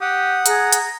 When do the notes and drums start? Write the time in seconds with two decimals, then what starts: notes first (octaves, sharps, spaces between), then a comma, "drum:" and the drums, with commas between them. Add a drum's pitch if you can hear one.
0.01 G4 F#5 D#6
0.46 G#4 A#5, drum: hi-hat
0.72 drum: hi-hat